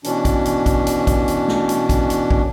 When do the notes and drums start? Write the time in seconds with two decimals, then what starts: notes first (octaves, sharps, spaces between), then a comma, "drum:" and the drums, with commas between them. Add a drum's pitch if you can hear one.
0.04 B2 E3 C#4 D4, drum: hi-hat
0.25 drum: kick, hi-hat
0.45 drum: hi-hat
0.66 drum: kick, hi-hat
0.87 drum: hi-hat
1.07 drum: kick, hi-hat
1.28 drum: hi-hat
1.48 drum: snare
1.69 drum: hi-hat
1.89 drum: kick, hi-hat
2.10 drum: hi-hat
2.31 drum: kick